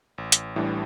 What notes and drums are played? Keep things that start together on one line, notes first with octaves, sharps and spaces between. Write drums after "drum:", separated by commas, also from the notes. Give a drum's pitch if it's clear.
A1
drum: hi-hat
A2 E3 G3 D4